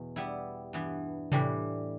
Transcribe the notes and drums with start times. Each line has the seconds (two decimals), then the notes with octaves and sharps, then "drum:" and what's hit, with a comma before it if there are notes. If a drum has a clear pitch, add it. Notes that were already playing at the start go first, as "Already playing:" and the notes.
Already playing: E2 B2
0.16 G3 B3 E4
0.73 G2 E3 B3
1.32 A2 E3 G3 D4 G4, drum: tom C3